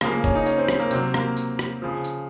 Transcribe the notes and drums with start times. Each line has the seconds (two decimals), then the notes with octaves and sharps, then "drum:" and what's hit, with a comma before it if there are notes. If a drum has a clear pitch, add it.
0.01 C#3 F3 A#3, drum: rim click
0.12 A#3
0.24 C#4, drum: kick, tambourine
0.35 D#4
0.46 C#4, drum: tambourine
0.58 C4
0.68 C4, drum: rim click
0.80 A#3
0.91 C3 F#3 C4, drum: tambourine
1.14 A#3, drum: rim click
1.37 drum: tambourine
1.59 drum: rim click
1.82 C#3 F3
2.04 drum: tambourine